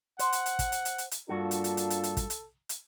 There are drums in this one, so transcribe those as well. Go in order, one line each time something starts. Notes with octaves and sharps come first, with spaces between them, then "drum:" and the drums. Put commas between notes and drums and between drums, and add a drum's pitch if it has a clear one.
C5 F#5, drum: hi-hat
drum: hi-hat
drum: hi-hat
drum: kick, hi-hat
drum: hi-hat
drum: hi-hat
drum: hi-hat
drum: hi-hat
G2 A#3 D4 F4 F#4 A4
drum: hi-hat
drum: hi-hat
drum: hi-hat
drum: hi-hat
drum: hi-hat
drum: kick, hi-hat
drum: hi-hat
drum: hi-hat